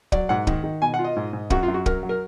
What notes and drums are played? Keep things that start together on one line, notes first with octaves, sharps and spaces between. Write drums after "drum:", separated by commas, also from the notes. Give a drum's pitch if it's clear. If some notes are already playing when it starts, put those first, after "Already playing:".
F#3 D5, drum: kick
G#2 F#5
D#3, drum: kick
D#3
B2 G#5
F#5
F4
D#5
G#2
G#2
F#2 F#4, drum: kick
F4
F#2
F#4
F#3 A#4, drum: kick
F#3
A#4